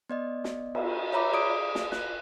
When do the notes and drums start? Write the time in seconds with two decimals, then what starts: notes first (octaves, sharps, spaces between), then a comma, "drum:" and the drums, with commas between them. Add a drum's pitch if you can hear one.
0.10 B3 D5 D#5
0.44 drum: snare
0.75 drum: cymbal
1.13 C#5 E5 A#5 B5 D6
1.33 G#4 D5 D#6 D7
1.75 drum: snare
1.92 F#6, drum: snare